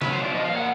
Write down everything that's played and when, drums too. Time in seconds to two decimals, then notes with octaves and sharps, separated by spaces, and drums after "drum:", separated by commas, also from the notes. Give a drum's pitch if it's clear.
0.02 F#3 B4, drum: snare
0.13 C5
0.18 B2
0.23 D5
0.34 F3 D#5
0.45 F5
0.51 A#2
0.57 F#5